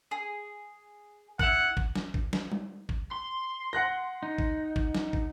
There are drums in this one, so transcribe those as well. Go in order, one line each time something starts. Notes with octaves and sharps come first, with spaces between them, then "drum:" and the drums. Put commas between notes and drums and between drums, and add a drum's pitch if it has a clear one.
G#4
E4 F#5 F#6, drum: kick
drum: kick
drum: snare
drum: kick
drum: snare
drum: tom G3
drum: kick
C6
F#5 F#6 A#6
D#4
drum: kick
drum: kick
drum: snare
drum: kick